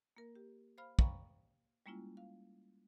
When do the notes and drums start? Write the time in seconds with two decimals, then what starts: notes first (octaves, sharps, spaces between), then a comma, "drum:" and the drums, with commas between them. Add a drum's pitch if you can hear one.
0.17 A#3 A#4
0.35 G4
0.78 C5 F5 B5 F6
0.99 F5 G5 A#5 B5 C#6, drum: kick
1.86 G3 G#3 A#3 C#4 E4 F4
2.17 F5